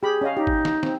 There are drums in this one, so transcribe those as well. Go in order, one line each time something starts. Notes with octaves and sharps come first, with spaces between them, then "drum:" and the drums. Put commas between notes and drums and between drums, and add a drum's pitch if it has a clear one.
G4 G#4 B5
C#4 D#5 F5
D#4 G4
drum: kick
drum: snare
C4, drum: snare